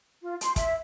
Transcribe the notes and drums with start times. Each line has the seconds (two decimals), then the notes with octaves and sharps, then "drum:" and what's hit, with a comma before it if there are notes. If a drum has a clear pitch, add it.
0.22 F4
0.41 C6, drum: hi-hat
0.56 E5, drum: kick, hi-hat